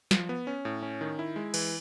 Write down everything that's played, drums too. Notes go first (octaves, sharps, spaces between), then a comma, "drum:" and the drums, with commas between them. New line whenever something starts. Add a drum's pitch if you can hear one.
F3, drum: snare
B3
C#4
A2
C#4
D#3
E4
G#3
E3, drum: cymbal